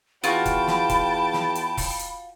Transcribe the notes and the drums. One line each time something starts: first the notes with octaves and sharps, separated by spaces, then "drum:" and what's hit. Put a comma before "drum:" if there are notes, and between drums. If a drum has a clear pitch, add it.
E2 F4 F#4 G5 A5 B5, drum: hi-hat
drum: kick E1, hi-hat
drum: snare
drum: kick E1, hi-hat
drum: snare
drum: hi-hat
drum: kick E1, open hi-hat
drum: hi-hat